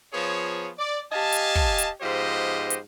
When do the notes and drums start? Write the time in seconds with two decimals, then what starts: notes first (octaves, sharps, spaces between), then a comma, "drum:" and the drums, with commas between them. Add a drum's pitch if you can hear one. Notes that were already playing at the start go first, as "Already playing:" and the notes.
0.13 F3 B3 F4 G#4 C#5
0.79 D5
1.12 G4 D#5 F5 G#5 A5
1.32 drum: hi-hat
1.55 drum: kick
1.78 drum: hi-hat
2.01 G#2 F3 B3 G4 C5 D#5
2.70 drum: hi-hat